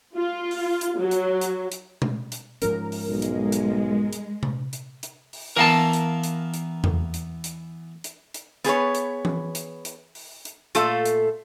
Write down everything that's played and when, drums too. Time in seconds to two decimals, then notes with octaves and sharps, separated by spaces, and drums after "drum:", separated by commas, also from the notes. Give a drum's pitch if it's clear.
0.16 F4
0.51 drum: open hi-hat
0.81 drum: hi-hat
0.99 F#3
1.11 drum: hi-hat
1.41 drum: hi-hat
1.72 drum: hi-hat
2.02 drum: tom B2
2.32 drum: hi-hat
2.62 G#2 F3 C#4 A#4, drum: hi-hat
2.92 drum: open hi-hat
3.10 B1 G#3
3.22 drum: hi-hat
3.52 drum: hi-hat
4.13 drum: hi-hat
4.43 drum: tom C3
4.73 drum: hi-hat
5.03 drum: hi-hat
5.33 drum: open hi-hat
5.57 E3 B3 A#4 F5 A5
5.93 drum: hi-hat
6.23 drum: hi-hat
6.54 drum: hi-hat
6.84 drum: tom E2
7.14 drum: hi-hat
7.44 drum: hi-hat
8.04 drum: hi-hat
8.34 drum: hi-hat
8.64 B3 G#4 B4 C#5, drum: hi-hat
8.95 drum: hi-hat
9.25 drum: tom E3
9.55 drum: hi-hat
9.85 drum: hi-hat
10.15 drum: open hi-hat
10.45 drum: hi-hat
10.75 A#2 A3 F4 A4, drum: hi-hat
11.06 drum: hi-hat